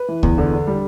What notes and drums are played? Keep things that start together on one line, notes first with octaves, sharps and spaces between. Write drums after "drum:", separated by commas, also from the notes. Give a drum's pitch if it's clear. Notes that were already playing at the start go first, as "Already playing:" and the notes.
Already playing: B4
E3
E2, drum: kick C#2
D3
D4
G3